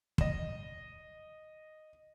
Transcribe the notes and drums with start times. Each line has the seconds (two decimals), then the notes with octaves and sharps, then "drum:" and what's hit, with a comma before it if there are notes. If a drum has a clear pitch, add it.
0.18 D#5 E7, drum: kick